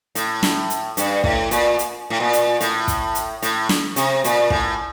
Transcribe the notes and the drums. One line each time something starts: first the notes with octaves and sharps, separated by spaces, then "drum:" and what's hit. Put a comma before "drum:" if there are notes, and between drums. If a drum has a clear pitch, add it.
A2, drum: hi-hat
drum: snare
drum: hi-hat
G2, drum: hi-hat
A2, drum: kick
A#2, drum: hi-hat
drum: hi-hat
A2
A#2
drum: hi-hat
A2, drum: hi-hat
drum: kick, hi-hat
drum: hi-hat
A2, drum: hi-hat
drum: snare
C3, drum: hi-hat
A#2, drum: hi-hat
A2, drum: kick